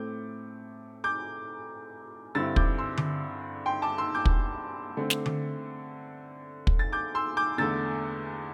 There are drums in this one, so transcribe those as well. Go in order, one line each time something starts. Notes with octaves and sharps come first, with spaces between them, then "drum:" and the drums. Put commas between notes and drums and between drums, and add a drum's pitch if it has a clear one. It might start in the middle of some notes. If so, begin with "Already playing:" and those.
Already playing: A2 A3 C4 D6 G6
D6 G6
G2 D3 C4 E4 E6 A6
D6 G6, drum: kick
C6 E6
drum: tom D3
G5 C6
A5 D6
C6 E6
D6 G6
drum: kick
D3 A3 C4
drum: snare
drum: tom D3
drum: kick
A6
D6 G6
C6 E6
D6 G6
E2 D3 A3 E6 A6